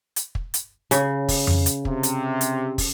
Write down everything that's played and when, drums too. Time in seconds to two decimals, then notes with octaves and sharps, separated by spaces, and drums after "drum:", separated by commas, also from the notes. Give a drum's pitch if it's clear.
0.16 drum: hi-hat
0.35 drum: kick
0.54 drum: hi-hat
0.91 C#3, drum: hi-hat
1.28 drum: kick, open hi-hat
1.47 drum: tom F2
1.66 drum: hi-hat
1.85 C3, drum: kick
2.03 drum: hi-hat
2.41 drum: hi-hat
2.78 drum: kick, open hi-hat